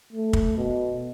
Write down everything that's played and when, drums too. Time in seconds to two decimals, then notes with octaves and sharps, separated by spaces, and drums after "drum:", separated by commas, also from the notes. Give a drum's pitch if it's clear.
0.12 A3
0.33 drum: kick
0.57 B2